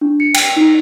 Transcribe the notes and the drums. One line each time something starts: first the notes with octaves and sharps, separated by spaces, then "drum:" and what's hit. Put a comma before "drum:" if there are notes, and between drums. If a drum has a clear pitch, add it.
D4
C#7
G5, drum: cymbal
D#4